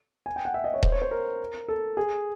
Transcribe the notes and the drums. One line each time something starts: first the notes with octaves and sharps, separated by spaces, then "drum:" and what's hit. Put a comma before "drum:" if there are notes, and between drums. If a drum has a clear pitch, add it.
G#5
G5
F#5
E5
D#5
C#5
C5, drum: kick D#1
C#5
C5
A#4
A4
G#4